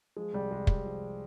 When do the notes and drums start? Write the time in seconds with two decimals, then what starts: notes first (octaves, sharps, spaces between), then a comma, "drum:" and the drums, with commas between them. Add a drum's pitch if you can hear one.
0.17 F3 G#3
0.33 C2 G3
0.50 C2 G#3
0.67 C2, drum: kick
0.85 F3